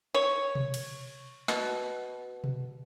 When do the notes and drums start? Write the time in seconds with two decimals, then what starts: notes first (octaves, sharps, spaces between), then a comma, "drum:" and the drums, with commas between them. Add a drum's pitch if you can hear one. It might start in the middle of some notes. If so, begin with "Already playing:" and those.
0.15 C#5
0.55 drum: tom B2
0.74 drum: cymbal
1.48 B2, drum: snare
2.44 drum: tom B2